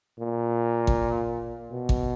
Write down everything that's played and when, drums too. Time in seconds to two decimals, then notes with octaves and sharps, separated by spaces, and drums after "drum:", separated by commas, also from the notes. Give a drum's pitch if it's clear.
0.20 A#2
0.87 drum: kick G#1
1.72 B2
1.89 drum: kick G#1